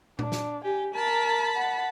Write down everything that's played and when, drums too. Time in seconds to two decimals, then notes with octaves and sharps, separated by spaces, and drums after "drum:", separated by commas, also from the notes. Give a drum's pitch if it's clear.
0.19 D4, drum: tom A#2
0.32 drum: snare
0.64 G4 G#5
0.95 A#4 A5 B5
1.57 F#5